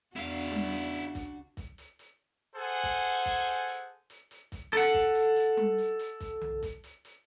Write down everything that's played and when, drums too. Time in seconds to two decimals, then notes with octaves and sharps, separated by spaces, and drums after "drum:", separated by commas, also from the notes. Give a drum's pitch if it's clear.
0.16 E2 C#3 D4 E4 F#4 F5
0.31 drum: hi-hat
0.52 drum: tom G3
0.73 drum: hi-hat
0.94 drum: hi-hat
1.15 drum: kick, hi-hat
1.57 drum: kick, hi-hat
1.78 drum: hi-hat
1.99 drum: hi-hat
2.56 G#4 A4 C5 F#5 G#5
2.83 drum: kick, hi-hat
3.26 drum: kick, hi-hat
3.47 drum: hi-hat
3.68 drum: hi-hat
4.10 drum: hi-hat
4.31 drum: hi-hat
4.52 drum: kick, hi-hat
4.73 A4 F#5
4.94 drum: kick, hi-hat
5.15 drum: hi-hat
5.36 drum: hi-hat
5.57 drum: tom G3
5.78 drum: hi-hat
5.99 drum: hi-hat
6.20 drum: kick, hi-hat
6.41 drum: tom B1
6.63 drum: kick, hi-hat
6.84 drum: hi-hat
7.05 drum: hi-hat